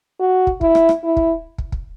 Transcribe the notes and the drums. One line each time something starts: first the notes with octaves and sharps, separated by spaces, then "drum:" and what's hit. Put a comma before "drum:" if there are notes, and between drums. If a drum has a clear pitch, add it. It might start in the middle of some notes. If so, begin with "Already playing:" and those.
F#4
drum: kick
E4, drum: kick
drum: rim click
drum: rim click
E4
drum: kick
drum: kick
drum: kick